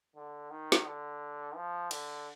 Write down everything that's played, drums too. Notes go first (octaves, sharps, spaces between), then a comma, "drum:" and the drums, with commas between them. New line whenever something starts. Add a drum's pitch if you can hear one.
D3
D#3
drum: snare
D3
F3
D3, drum: cymbal